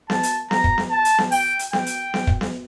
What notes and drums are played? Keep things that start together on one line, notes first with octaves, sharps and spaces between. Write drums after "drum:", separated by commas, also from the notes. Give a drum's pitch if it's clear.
A5, drum: snare B3
drum: hi-hat
A#5, drum: snare B3
drum: kick
drum: snare B3
A5
drum: hi-hat
drum: snare B3
G5, drum: open hi-hat
drum: hi-hat
G5, drum: snare B3
drum: hi-hat
drum: snare B3
drum: kick
drum: snare B3